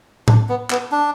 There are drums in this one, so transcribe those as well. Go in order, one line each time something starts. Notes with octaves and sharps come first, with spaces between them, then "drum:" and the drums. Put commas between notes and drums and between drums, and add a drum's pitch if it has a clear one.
D4, drum: tom A2
B3
B3, drum: clap
D4